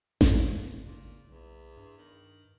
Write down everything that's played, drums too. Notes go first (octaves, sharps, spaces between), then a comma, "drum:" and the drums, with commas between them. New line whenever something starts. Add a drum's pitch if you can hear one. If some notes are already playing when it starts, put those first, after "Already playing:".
F#2, drum: snare G#1
A#2 C#3
B1 E2
G2
D#3